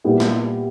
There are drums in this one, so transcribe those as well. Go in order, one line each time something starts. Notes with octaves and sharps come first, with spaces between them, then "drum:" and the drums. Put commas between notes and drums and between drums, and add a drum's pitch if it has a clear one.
A#2 G3 B3 E4 G4
drum: snare